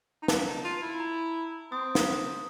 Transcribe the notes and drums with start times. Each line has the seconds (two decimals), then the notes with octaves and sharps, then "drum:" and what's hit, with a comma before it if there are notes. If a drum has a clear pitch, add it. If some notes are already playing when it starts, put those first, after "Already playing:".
0.22 D#4
0.28 D4 A5, drum: snare
0.46 D#4
0.64 F4
0.82 E4
1.00 A#5
1.71 C4 D#6
1.95 drum: snare